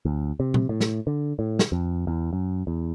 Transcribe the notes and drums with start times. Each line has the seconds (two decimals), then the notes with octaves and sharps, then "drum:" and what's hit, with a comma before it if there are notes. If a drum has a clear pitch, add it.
0.05 D2
0.40 C3
0.54 drum: tom A#2
0.69 A2
0.81 drum: snare
1.07 D3
1.39 A2
1.59 drum: snare
1.72 F2
2.07 E2
2.33 F#2
2.67 E2